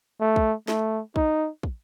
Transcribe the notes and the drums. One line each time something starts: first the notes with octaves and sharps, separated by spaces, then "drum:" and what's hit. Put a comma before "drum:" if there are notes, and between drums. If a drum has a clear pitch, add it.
A3
drum: kick
A3, drum: snare
D#4, drum: kick
drum: kick